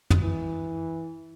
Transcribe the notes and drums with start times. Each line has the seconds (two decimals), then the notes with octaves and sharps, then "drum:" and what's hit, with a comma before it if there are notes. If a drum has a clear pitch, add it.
0.10 drum: tom
0.22 E3